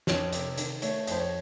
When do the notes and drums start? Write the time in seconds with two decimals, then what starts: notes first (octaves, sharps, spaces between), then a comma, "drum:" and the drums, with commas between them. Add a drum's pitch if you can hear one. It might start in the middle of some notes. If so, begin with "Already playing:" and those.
0.07 F2 C#5, drum: snare
0.33 C3, drum: hi-hat
0.58 D#3, drum: hi-hat
0.82 A3 C#5, drum: hi-hat
1.07 F2 C5, drum: hi-hat
1.20 C#5